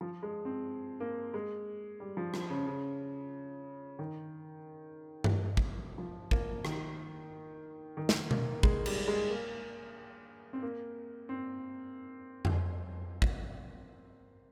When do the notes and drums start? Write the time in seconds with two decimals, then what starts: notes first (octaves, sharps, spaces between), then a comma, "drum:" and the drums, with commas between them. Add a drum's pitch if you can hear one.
0.01 F3
0.23 G#3
0.45 C4
1.00 A#3
1.34 G#3
2.00 G3
2.17 F3
2.34 F3, drum: rim click
2.50 C#3
2.66 C#3
3.99 D#3
5.24 drum: tom G2
5.57 drum: kick
5.98 F3
6.31 A#3, drum: kick
6.65 D#3, drum: rim click
7.97 D#3
8.09 drum: snare
8.31 A#3, drum: tom B2
8.63 G#3, drum: kick
8.86 G3, drum: cymbal
9.08 G#3
9.30 A#3
10.53 C4
10.62 A#3
11.29 C4
12.45 drum: tom F2
13.22 drum: kick